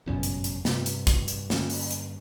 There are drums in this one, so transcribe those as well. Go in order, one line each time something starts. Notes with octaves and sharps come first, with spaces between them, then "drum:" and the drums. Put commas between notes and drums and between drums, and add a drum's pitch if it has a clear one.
G1 C#2 F#2 B2 C#4 D4
drum: hi-hat
drum: hi-hat
G2 C3, drum: snare
drum: hi-hat
drum: kick, hi-hat
drum: hi-hat
D3 A#3 C#4, drum: snare
drum: open hi-hat
drum: hi-hat